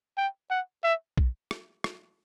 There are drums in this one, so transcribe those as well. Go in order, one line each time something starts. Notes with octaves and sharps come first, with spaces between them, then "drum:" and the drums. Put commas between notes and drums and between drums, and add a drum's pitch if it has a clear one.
G5
F#5
E5
drum: kick A#1
drum: rim click
drum: rim click